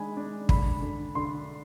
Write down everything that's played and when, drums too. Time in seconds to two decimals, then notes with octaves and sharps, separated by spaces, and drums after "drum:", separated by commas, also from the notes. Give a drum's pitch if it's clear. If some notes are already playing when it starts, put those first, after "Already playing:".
Already playing: D#3 G#3 D4 G#5 B5
0.17 D4
0.49 D3 B5, drum: kick
0.82 D3
1.15 D3 C6